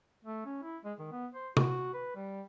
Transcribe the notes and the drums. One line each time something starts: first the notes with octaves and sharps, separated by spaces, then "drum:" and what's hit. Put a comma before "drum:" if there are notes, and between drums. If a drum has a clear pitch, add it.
A3
C#4
E4
G#3
D#3
B3
C5
F#4, drum: tom
B4
G3